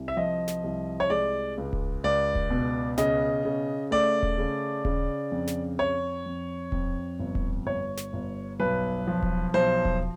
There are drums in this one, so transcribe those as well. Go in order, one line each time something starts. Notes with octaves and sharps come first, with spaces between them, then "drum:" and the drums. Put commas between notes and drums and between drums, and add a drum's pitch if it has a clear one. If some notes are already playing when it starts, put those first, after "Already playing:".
Already playing: C2
E5
F3 D#5
drum: snare
C2
C#5
G#3 D5
C#2
drum: kick D#1
C#2 D5
drum: kick D#1
B2
C#3 D#5, drum: snare
C#3
A3 D5
drum: kick D#1
C#3
C#3, drum: kick D#1
F2
drum: snare
F2 C#5
F2
F2, drum: kick D#1
G1
drum: kick D#1
G1 C#5
drum: snare
G1
B1 B4
F3
drum: kick D#1
B1 C5
drum: kick D#1